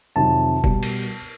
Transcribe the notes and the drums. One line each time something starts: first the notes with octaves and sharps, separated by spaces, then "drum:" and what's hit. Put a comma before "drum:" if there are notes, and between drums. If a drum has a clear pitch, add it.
F2 C3 D#3 F#3 A5
B2 G3, drum: kick
drum: cymbal